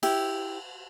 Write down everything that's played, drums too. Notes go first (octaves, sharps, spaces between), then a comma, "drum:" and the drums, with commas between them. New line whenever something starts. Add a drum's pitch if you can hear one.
E4 G4 G5, drum: cymbal